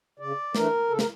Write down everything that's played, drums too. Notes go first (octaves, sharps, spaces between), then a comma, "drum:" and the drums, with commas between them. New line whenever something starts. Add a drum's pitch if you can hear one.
C#3 D5
E3 A3 D4 A#4, drum: snare
C#3 A4
A#4, drum: snare